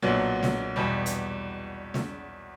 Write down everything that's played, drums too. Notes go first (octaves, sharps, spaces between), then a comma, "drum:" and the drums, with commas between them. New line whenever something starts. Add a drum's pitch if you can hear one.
B1 A#2 F#3 B3 D4
drum: snare
E2 B2 G3
drum: hi-hat
drum: snare